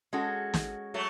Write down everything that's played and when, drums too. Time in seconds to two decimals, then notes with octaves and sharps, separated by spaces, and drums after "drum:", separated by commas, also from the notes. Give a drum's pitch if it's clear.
0.13 G#3 C#4 F#4 A4
0.54 drum: snare
0.94 F#3 A3